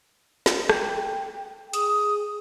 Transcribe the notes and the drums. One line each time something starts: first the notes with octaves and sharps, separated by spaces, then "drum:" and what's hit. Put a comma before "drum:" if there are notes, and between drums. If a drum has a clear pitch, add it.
drum: snare
G5, drum: rim click
G#4 D#6, drum: hi-hat